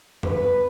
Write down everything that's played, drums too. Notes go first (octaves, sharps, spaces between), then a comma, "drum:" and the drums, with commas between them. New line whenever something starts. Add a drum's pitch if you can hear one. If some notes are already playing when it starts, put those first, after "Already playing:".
B4, drum: tom F2